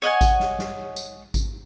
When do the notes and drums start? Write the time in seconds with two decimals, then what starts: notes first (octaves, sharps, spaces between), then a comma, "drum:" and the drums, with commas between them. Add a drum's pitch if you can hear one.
0.02 C#5 D#5 F#5 G#5
0.21 drum: kick G#1, tambourine
0.40 drum: snare
0.59 drum: snare
0.96 drum: tambourine
1.34 drum: kick G#1, tambourine